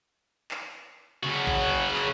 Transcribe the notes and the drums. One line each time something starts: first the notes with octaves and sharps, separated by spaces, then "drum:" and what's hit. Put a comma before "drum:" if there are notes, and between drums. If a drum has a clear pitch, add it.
drum: clap
C#3 F#4
drum: kick A1
drum: clap